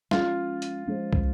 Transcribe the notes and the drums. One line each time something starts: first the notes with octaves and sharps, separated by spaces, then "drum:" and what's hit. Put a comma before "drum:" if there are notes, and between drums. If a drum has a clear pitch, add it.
F3 G#3 C#4 F4, drum: snare
drum: hi-hat
F3 G#3 C#4
drum: kick